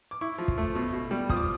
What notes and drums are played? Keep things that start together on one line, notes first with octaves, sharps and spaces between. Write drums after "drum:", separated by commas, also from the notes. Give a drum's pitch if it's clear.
D6
E4 C#6
F3
drum: kick
A3
B2
B2
G3
F3 D#6, drum: kick
D6